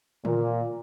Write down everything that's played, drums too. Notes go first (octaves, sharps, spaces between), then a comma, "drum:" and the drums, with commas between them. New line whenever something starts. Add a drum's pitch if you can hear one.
A#2, drum: tom